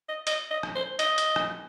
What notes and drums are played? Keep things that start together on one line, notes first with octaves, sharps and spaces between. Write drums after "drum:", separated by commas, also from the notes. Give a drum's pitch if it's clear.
D#5
D#5, drum: hi-hat
D#5
drum: rim click
C5
D#5, drum: hi-hat
drum: hi-hat
drum: rim click